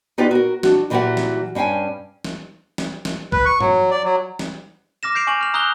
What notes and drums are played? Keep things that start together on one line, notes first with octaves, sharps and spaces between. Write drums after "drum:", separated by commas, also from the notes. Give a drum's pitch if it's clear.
B3 D#4 F4 G4 B4 D5
F#4 A#4
D4 F#4, drum: snare
A#2 E3 F#3 G4 A#4 F#5
drum: snare
G2 C#4 F5 G5 G#5
drum: snare
drum: snare
drum: snare
B4, drum: kick
C#6
F#3, drum: tom G2
D5
F#3
drum: snare
D6 F6 A#6 E7
G6 C7 D7 F7
G#5 C#6 F#7
F6 F7
A#5 D#6 E6 F#6 G6 G7